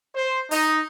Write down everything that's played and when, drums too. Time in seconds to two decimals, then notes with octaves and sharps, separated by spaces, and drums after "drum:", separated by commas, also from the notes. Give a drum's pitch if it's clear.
0.14 C5
0.51 D#4, drum: open hi-hat